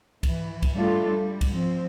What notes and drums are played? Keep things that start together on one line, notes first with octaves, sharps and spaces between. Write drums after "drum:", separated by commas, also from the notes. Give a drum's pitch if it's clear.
E3, drum: kick, cymbal
drum: kick, cymbal
G3 A3 D4 F4 A4
G3
drum: kick, cymbal
F3 C4